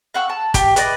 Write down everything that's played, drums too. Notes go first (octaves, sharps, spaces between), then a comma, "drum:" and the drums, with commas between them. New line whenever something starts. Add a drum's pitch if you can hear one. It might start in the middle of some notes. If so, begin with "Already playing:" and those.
F5 F#5 C#6 E6
A5
G4, drum: kick, hi-hat
B4 D5 D#5, drum: hi-hat